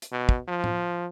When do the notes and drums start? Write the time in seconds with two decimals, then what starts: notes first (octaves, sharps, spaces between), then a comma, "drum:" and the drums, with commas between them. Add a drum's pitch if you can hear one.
0.02 drum: hi-hat
0.12 B2
0.29 drum: kick
0.48 F3
0.64 drum: tom A2